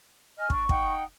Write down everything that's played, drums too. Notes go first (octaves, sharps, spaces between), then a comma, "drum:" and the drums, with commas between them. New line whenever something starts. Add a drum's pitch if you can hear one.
D#5 G#5 F6
D4 C#6, drum: kick
D#4 F#5 G5, drum: kick